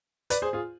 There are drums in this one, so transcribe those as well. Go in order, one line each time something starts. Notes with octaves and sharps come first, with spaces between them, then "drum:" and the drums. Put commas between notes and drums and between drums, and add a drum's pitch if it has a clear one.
B4 D5, drum: hi-hat
G#4 C5
F4 G#4